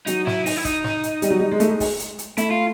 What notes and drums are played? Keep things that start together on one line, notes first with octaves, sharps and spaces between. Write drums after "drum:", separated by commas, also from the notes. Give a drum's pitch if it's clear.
F#3 D#4, drum: hi-hat
E4, drum: snare
D#4, drum: open hi-hat
E4
D#4, drum: kick, hi-hat
drum: snare
drum: hi-hat
G3, drum: hi-hat
F#3
G3
G#3
A3, drum: hi-hat
G#3
drum: kick, open hi-hat
drum: hi-hat
drum: hi-hat
A3 E4, drum: hi-hat
F4